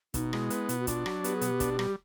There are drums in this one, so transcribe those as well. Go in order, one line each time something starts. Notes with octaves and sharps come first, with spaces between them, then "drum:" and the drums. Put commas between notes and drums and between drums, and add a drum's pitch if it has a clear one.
B2 D#4, drum: kick, hi-hat
G#3 E4, drum: rim click
B3, drum: hi-hat
B2, drum: hi-hat
F#4
D4 F4, drum: kick, hi-hat
F#3 F#4, drum: rim click
B3 G4, drum: hi-hat
G#4
B2, drum: hi-hat
G4
D4, drum: kick, hi-hat
G3, drum: rim click